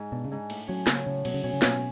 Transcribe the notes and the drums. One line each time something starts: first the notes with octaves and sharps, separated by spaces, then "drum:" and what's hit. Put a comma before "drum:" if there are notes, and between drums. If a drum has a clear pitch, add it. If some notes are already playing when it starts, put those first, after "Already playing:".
Already playing: G#2
B2 D4
C#3
G#2
A2, drum: cymbal
F#3 C#4
C#3 F#3, drum: snare
A2 C#3
B2 F#3, drum: cymbal
C#3
B2 C#4
C#3
B2 C#4, drum: snare